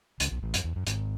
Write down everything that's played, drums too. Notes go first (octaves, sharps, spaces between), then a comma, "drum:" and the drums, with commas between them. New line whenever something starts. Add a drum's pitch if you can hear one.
C#2 C#3, drum: hi-hat
B1 B2
A1 A2
F#2, drum: hi-hat
E2
F#2
G#1 G#2, drum: hi-hat